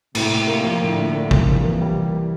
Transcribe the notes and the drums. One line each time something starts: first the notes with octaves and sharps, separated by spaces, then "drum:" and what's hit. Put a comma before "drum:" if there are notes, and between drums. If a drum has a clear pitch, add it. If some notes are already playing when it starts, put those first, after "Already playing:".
A2 C3, drum: cymbal
A2
A#3
F3
A2 D3
A2
A#3
F3, drum: kick
C2 E3
A#3
G3